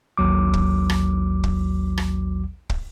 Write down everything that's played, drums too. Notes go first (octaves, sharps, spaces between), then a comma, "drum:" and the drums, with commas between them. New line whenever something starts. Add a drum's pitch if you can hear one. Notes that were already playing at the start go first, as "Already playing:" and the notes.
A1 D#2 F#3 D6
drum: kick
drum: rim click
drum: kick
drum: rim click
drum: kick